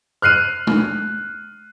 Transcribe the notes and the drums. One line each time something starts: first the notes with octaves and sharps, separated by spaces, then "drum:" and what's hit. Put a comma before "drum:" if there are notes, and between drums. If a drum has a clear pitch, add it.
F6 F#6 C7 D#7
drum: tom G#3